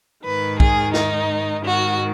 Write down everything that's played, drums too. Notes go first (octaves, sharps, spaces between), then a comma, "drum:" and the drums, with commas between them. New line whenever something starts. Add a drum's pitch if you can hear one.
G#2 D#3 B4
G#4, drum: kick B1
D#4, drum: snare
G#2 D#3 F#4